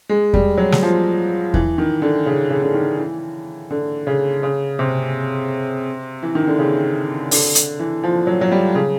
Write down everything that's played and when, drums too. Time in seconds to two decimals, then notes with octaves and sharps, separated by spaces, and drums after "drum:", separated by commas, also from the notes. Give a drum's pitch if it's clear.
0.09 G#3
0.33 G3, drum: kick E2
0.58 F#3
0.72 drum: snare
0.82 F3
1.54 E3, drum: kick E2
1.78 D#3
2.02 D3
2.26 C#3
2.50 C#3
2.62 D3
2.74 D#3
2.98 E3
3.71 D3
4.07 C#3
4.43 C#3
4.79 C3
6.23 E3
6.35 D#3
6.47 D3
6.59 C#3
7.31 D3, drum: open hi-hat
7.55 drum: hi-hat
7.80 E3
8.04 F3
8.27 F#3
8.41 F#3
8.52 G3
8.75 C#3